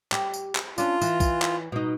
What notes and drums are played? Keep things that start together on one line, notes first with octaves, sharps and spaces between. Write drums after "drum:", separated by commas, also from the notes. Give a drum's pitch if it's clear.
G4, drum: clap
drum: tambourine
drum: clap
C#4 D4 F4, drum: tambourine
E3, drum: tambourine
drum: kick B1, tambourine
drum: clap
B2 D#4